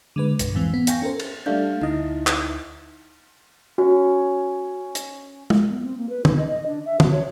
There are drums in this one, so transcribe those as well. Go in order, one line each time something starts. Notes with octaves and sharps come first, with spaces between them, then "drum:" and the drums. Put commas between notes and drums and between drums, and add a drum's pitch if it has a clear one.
D3 G#3 B4
B1 G2, drum: hi-hat
F2 G#2 E3 C4
B3
F5 G5 G#5 C#6 A#6, drum: hi-hat
C#4 A4 A#4 C5
drum: cymbal
G3 A3 D4 F5 G6
D2 D#4 E4 D#5
drum: clap
C#4 F#4
drum: hi-hat
drum: tom
B3
C4
A#3
B4
D#4, drum: tom
D#5
D#5
D4
E5
F#4, drum: tom
C#5